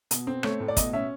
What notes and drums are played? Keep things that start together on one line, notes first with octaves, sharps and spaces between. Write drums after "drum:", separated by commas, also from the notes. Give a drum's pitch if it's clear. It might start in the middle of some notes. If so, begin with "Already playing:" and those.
B2, drum: hi-hat
C4
A3 C#5, drum: rim click
A2
D5
B2 D#5, drum: kick, hi-hat
C#4 E5